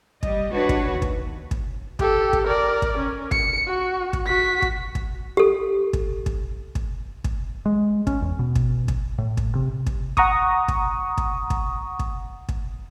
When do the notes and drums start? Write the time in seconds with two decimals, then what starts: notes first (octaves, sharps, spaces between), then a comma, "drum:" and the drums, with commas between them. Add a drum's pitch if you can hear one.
0.23 G3 D#5, drum: kick
0.53 D4 F#4 B4 C#5
0.69 drum: kick
0.92 D#2
1.02 drum: kick
1.51 drum: kick
1.99 G4 A4, drum: kick
2.33 drum: kick
2.47 A#4 D5
2.82 drum: kick
2.99 C#4
3.31 C#7, drum: kick
3.67 F#4
4.13 drum: kick
4.26 F#4 B6
4.62 drum: kick
4.95 drum: kick
5.37 G4 A4
5.93 drum: kick
6.26 drum: kick
6.75 drum: kick
7.24 drum: kick
7.66 G#3
8.07 C#4, drum: kick
8.22 E2
8.39 B2
8.55 drum: kick
8.88 drum: kick
9.18 A2
9.37 drum: kick
9.55 C3
9.86 drum: kick
10.17 F#5 A#5 C#6 D#6, drum: kick
10.68 drum: kick
11.17 drum: kick
11.50 drum: kick
11.99 drum: kick
12.49 drum: kick